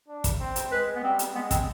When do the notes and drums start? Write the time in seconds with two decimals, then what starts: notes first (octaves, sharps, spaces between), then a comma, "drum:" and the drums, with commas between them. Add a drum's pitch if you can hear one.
0.08 D4
0.24 drum: kick, hi-hat
0.40 C4
0.56 drum: hi-hat
0.72 G#3 B4
0.96 B3
1.04 G3 C4
1.19 drum: hi-hat
1.34 G#3 B3
1.51 C4, drum: kick, hi-hat